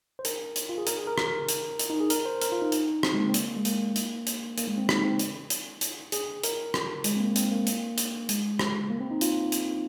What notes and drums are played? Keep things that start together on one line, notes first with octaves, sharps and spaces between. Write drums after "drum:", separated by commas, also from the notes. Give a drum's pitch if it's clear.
C5
A#4, drum: hi-hat
drum: hi-hat
F4
G#4
A#4, drum: hi-hat
G#4
A#4
A#4, drum: rim click
drum: hi-hat
drum: hi-hat
D#4
G#4
A#4, drum: hi-hat
C5
A#4, drum: hi-hat
F4
D#4
drum: hi-hat
C4, drum: rim click
G#3
A#3
C4
A#3, drum: hi-hat
G#3
A#3, drum: hi-hat
drum: hi-hat
drum: hi-hat
A#3, drum: hi-hat
G#3
C4
D#4, drum: rim click
C4
drum: hi-hat
drum: hi-hat
drum: hi-hat
G#4, drum: hi-hat
A#4, drum: hi-hat
drum: rim click
G#3, drum: hi-hat
C4
A#3
C4, drum: hi-hat
A#3
A#3, drum: hi-hat
drum: hi-hat
G#3, drum: hi-hat
drum: rim click
A#3
C4
D#4
F4, drum: hi-hat
drum: hi-hat